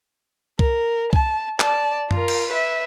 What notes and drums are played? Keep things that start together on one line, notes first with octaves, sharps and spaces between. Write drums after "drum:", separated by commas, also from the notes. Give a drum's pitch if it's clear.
A#4, drum: kick C2
A5, drum: kick C2
D5 A5, drum: clap
F4 A#4, drum: tom F#2
drum: cymbal
B4 E5